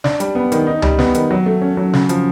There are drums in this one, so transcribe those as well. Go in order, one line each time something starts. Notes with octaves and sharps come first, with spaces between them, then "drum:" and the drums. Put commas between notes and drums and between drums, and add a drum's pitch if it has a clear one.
D4, drum: snare
G3, drum: hi-hat
B3
D#3, drum: hi-hat
D#4
G3, drum: tom C#2
B3, drum: snare
D#3, drum: hi-hat
F#3
A3
C#4
F#3
C#3, drum: snare
F3, drum: hi-hat